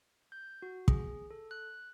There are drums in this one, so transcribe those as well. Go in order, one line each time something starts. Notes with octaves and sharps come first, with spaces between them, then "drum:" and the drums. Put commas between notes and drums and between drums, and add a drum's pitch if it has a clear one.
G6
F#4
G#4, drum: kick
A4
F#6